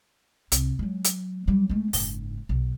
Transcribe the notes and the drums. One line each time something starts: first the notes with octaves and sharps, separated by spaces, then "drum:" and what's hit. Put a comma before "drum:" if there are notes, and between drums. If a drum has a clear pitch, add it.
C2, drum: hi-hat
F#3 G#3
drum: hi-hat
F#3 G3
G#3 A3
F#1 G#2, drum: open hi-hat
B1